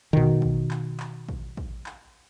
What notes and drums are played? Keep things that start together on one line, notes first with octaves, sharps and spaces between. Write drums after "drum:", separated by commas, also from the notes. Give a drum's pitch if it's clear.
B2 D#3, drum: kick
drum: kick
drum: clap
drum: clap
drum: kick
drum: kick
drum: clap